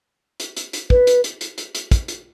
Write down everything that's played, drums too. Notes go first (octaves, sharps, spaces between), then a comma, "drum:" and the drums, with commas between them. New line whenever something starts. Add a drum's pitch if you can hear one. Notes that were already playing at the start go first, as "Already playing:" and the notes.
drum: hi-hat
drum: hi-hat
drum: hi-hat
B4, drum: kick
drum: hi-hat
drum: hi-hat
drum: hi-hat
drum: hi-hat
drum: hi-hat
drum: kick, hi-hat
drum: hi-hat